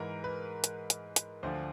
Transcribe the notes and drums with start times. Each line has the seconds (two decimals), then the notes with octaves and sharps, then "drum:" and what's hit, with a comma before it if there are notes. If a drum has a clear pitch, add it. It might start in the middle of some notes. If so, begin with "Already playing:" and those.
Already playing: G#2 E3 A#4
0.24 B4
0.64 drum: hi-hat
0.90 drum: hi-hat
1.16 drum: hi-hat
1.43 D2 D3 F3 C5